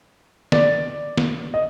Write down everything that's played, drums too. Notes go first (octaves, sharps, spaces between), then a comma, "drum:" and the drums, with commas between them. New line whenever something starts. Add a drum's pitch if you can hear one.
D5, drum: snare
drum: snare
D#5